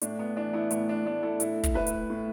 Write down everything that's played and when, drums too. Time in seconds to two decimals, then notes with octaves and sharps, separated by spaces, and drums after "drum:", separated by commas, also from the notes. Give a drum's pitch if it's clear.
0.02 A2 D4, drum: hi-hat
0.19 B3
0.36 E3 D4
0.53 B3 E4
0.71 A2 B3, drum: hi-hat
0.89 D4
1.06 A2 D4
1.22 E4 A4
1.40 A2 E4 A4, drum: hi-hat
1.63 drum: kick, hi-hat
1.74 A2 B4 E5
1.87 drum: hi-hat
2.10 A2